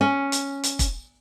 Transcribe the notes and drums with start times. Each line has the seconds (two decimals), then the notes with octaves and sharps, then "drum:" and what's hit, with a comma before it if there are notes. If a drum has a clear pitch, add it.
0.01 C#4
0.32 drum: hi-hat
0.63 drum: hi-hat
0.79 drum: kick, hi-hat